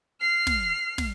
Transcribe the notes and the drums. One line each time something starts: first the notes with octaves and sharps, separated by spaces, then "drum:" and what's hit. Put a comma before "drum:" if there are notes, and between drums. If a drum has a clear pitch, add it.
F6 C7
drum: snare
drum: snare